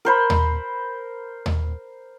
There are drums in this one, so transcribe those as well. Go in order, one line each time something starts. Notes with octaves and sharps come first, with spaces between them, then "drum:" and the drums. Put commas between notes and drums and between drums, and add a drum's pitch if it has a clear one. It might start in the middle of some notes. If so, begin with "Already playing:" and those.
A#4 C5 B5
drum: tom D#2
drum: tom D#2